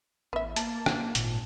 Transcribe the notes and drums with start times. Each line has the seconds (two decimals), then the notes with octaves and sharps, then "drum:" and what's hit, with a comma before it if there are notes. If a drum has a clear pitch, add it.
0.33 A1 B3 E5
0.56 A#3 A5, drum: hi-hat
0.86 drum: rim click
1.15 G#1 A#2, drum: hi-hat